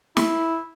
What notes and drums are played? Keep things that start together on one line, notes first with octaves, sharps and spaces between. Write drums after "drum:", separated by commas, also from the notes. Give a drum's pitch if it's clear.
E4, drum: snare